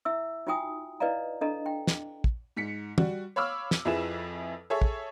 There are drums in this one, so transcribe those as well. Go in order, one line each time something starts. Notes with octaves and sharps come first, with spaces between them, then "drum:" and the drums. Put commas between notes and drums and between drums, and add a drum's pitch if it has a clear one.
E4 E5 E6
D#4 F4 F#4 G5 G#5 D#6
E4 B4 D5 D#5 F5 A#5
D4 A4 D#5 A#5
G5
drum: snare
drum: kick
G#2 B6 C#7
G3 F#4, drum: tom
C#5 F5 B5 D6 E6 F6
drum: snare
F2 F3 E4 G#4 B4 E7
G#4 A4 C#5 E5
drum: kick